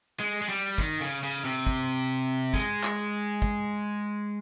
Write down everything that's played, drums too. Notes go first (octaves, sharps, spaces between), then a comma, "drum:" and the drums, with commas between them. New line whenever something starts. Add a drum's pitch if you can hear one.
G#3
G#3
G3
D#3, drum: kick
C#3
C#3
C3
drum: kick
G#3, drum: kick
drum: clap
drum: kick